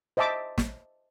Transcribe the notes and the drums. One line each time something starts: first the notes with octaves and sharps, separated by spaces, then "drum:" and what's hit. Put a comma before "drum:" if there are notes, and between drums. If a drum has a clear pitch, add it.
C5 D#5 E5 A5 D6
drum: snare